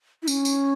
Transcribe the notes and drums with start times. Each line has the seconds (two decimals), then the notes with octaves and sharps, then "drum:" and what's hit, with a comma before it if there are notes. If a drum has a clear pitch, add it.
0.23 E4
0.27 C#4, drum: tambourine
0.45 drum: tambourine